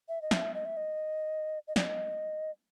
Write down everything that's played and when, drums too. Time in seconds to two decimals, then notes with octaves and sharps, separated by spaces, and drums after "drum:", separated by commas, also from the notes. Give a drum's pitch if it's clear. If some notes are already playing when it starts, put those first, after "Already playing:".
0.09 E5
0.22 D#5
0.31 E5, drum: snare
0.54 D#5
0.65 E5
0.77 D#5
1.68 D#5
1.76 D5, drum: snare
1.84 D#5